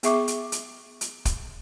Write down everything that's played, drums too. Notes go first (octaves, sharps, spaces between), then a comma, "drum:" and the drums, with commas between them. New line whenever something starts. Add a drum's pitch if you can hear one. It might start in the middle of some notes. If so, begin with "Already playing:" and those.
B3 G#4 E5 C#6 D6, drum: hi-hat
drum: hi-hat
drum: hi-hat
drum: hi-hat
drum: kick, hi-hat